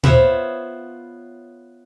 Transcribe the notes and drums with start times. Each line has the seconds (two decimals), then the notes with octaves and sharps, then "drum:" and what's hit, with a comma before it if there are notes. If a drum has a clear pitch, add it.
0.03 B3 F4 C5 C#5 E5 F#5, drum: tom A#2